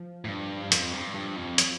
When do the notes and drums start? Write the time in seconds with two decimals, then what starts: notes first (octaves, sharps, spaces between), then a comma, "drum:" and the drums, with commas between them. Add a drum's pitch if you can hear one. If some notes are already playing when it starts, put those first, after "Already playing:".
Already playing: F3
0.25 A2
0.28 G2
0.72 F2, drum: hi-hat
0.93 G2
1.14 G2
1.36 F2
1.58 F3, drum: hi-hat